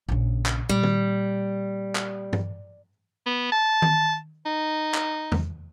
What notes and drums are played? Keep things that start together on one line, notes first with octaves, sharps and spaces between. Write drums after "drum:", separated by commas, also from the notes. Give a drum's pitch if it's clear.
A#1 C#3
drum: clap
A#2 G3
drum: tom D#3
drum: clap
drum: tom G2
B3
A5
drum: tom D#3
D#4
drum: clap
drum: tom E2